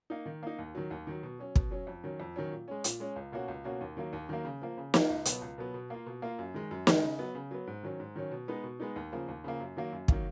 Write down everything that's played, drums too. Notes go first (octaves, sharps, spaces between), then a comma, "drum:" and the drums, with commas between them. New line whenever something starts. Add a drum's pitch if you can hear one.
A#3 D#4
D#3
A#3 D#4
D#2
D#3 F#3
D#2
D#3 F#3
B2
F#3 C#4
B2, drum: kick
F#3 C#4
F2
D#3 F#3 C#4
F2
D#3 F#3 C#4
A#2
G#3 C#4
A#2, drum: hi-hat
G#3 C#4
C#2
B2 A#3 C#4 F#4
C#2
B2 A#3 C#4 F#4
D#2
D#3 F#3 A#3
D#2
D#3 F#3 A#3
C#3
F3 A#3
C#3
F3 A#3, drum: snare
C#2
B2 F#3 B3, drum: hi-hat
C#2
B2 F#3 B3
B2
A#3 F4
B2
A#3 F4
F#2
D#3 G#3
F#2
D#3 G#3, drum: snare
C#3
F#3 B3
C#3
F#3 B3
G#2
D#3 F#3 C#4
G#2
D#3 F#3 C#4
B2
G#3 B3 D#4
B2
G#3 B3 D#4
D#2
C#3 F3 A#3
D#2
C#3 F3 A#3
F#2
D#3 F#3 A#3
F#2
D#3 F#3 A#3, drum: kick